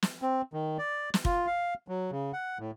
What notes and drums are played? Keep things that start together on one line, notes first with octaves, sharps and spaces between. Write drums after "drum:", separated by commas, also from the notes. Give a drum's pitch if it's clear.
drum: snare
C4
D#3
D5
drum: snare
F4, drum: kick
F5
F#3
C#3
F#5
A2